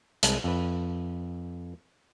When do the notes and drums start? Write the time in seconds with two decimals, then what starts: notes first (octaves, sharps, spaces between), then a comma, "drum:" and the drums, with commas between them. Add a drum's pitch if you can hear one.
0.23 C2 G#3 A5, drum: hi-hat
0.44 F2 B4